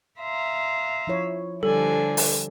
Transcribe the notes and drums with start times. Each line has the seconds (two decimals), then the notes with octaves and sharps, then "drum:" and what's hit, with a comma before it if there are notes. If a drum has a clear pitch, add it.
0.20 E5 F5 A#5 C6
1.07 F3 E4 C#5
1.63 D3 F3 G3 D4 A4 G#5
2.17 drum: open hi-hat